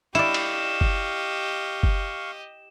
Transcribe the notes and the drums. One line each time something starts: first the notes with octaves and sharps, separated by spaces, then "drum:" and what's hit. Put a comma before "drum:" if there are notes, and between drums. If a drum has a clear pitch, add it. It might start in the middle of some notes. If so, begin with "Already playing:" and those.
E4 G4 D5 D#5 F5 C#6 E7, drum: hi-hat
drum: cymbal
drum: kick F#1
drum: kick F#1